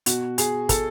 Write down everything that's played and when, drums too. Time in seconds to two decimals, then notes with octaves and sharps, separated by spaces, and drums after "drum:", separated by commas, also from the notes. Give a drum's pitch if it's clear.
0.06 B2 F#4, drum: hi-hat
0.38 G#4, drum: hi-hat
0.69 A4, drum: kick, hi-hat